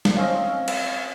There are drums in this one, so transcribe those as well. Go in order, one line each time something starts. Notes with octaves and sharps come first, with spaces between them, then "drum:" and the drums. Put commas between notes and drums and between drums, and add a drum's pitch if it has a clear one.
drum: snare
C4 C#4 D#5 F5
drum: cymbal